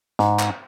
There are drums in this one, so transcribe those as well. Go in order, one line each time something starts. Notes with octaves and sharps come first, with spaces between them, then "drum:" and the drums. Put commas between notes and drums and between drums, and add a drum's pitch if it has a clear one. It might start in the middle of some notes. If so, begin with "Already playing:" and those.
G#2, drum: snare
drum: clap